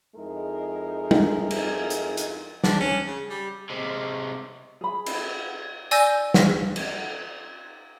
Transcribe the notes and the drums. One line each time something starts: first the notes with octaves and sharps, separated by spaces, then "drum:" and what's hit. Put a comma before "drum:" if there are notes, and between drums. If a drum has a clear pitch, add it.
F2 G#3 D#4 E4 A#4
drum: tom G3
drum: cymbal
drum: hi-hat
drum: hi-hat
D4, drum: snare
C#4
C#3
G3
C3 G#3
G#4 B5
drum: cymbal
D5 G#5 E6 G6 A#6, drum: tambourine
drum: snare
drum: cymbal